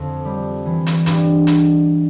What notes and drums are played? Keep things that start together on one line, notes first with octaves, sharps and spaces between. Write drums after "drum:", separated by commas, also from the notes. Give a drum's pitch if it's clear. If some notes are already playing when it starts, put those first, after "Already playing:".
Already playing: F2 D3
G3
E3
drum: hi-hat
G2, drum: hi-hat
drum: hi-hat